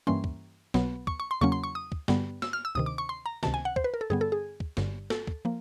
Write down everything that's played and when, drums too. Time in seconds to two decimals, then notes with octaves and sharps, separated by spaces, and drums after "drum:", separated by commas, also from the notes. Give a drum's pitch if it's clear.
0.07 G2 E3 G3 A#3 C#4 C6
0.24 drum: kick
0.74 B1 B2 F#3 B3, drum: snare
1.07 C#6, drum: kick
1.20 C#6
1.31 C6
1.41 E2 C#3 F#3 A#3 C#4 C#6
1.52 C6
1.64 C#6
1.75 D#6
1.92 drum: kick
2.08 G2 D3 G3 B3, drum: snare
2.42 E6, drum: snare
2.53 F6
2.65 E6
2.75 D2 C3 D#3 D#6
2.86 D6
2.98 C#6
3.09 C6
3.26 A#5
3.43 C#2 C3 D#3 A5, drum: snare
3.54 G#5
3.65 F#5
3.76 C5, drum: kick
3.84 B4
3.94 A#4
4.01 A4
4.10 G2 D3 G3 B3 G#4
4.21 A4
4.32 G#4
4.60 drum: kick
4.77 G1 G2 D3, drum: snare
5.10 A4, drum: snare
5.27 drum: kick
5.45 F3 A#3